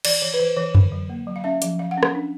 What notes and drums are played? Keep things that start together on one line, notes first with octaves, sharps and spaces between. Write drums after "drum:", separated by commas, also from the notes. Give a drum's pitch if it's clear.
E3 D5, drum: cymbal
E3 C#5
B4
E3 C5
E3 C#5
D3, drum: tom F#2
F#3
A#3
F#3
F5
C#4 E5
F3, drum: hi-hat
F3 F5
F#5
C#4
F#5, drum: rim click
D4